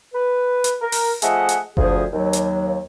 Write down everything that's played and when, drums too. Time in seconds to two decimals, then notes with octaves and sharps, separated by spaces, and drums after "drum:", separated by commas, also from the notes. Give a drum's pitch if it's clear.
0.14 B4
0.64 drum: hi-hat
0.81 A#4
0.92 drum: open hi-hat
1.22 F3 A3 G#4 D#5 E5 F#5, drum: hi-hat
1.49 drum: hi-hat
1.77 D2 F3 G#4, drum: kick F#1
2.12 D#2 F#3
2.33 drum: hi-hat